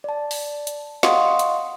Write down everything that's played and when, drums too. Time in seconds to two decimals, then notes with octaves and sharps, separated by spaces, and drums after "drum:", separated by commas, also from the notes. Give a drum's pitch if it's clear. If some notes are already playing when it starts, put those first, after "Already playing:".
0.04 D5 A5
0.31 drum: open hi-hat
0.67 drum: hi-hat
1.03 D#5 F5 F#5 C6 C#6 D#6, drum: snare
1.39 drum: hi-hat